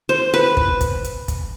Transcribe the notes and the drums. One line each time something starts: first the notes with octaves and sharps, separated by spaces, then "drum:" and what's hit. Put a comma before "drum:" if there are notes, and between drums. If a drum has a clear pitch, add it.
C5
B4
drum: kick
drum: kick, hi-hat
drum: hi-hat
drum: kick, hi-hat